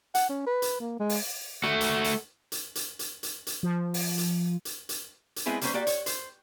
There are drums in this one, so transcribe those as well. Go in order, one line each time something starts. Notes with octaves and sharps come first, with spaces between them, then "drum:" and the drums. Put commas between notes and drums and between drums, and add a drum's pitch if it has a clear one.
F#5, drum: hi-hat
C#4
B4
drum: hi-hat
A#3
G#3
drum: open hi-hat
A3 F#4
drum: hi-hat
drum: hi-hat
drum: hi-hat
drum: hi-hat
drum: hi-hat
drum: hi-hat
drum: hi-hat
F3
drum: open hi-hat
drum: hi-hat
drum: hi-hat
drum: hi-hat
drum: hi-hat
G#3 B3 C4 E4 G#4 B4
G3 A#3 B3 C#4 B4 C5, drum: hi-hat
A#3 F#4 G4 D5
C#5, drum: hi-hat
C5, drum: hi-hat